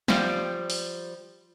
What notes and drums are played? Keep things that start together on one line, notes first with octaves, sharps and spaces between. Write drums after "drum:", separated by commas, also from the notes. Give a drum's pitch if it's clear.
F3 G3, drum: snare
drum: open hi-hat